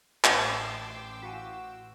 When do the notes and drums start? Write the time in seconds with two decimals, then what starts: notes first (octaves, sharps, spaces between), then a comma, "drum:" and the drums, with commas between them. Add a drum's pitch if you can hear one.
0.24 A1 A3 G5 C6 D6 E6, drum: clap
1.22 E4 F#4 F5 G#5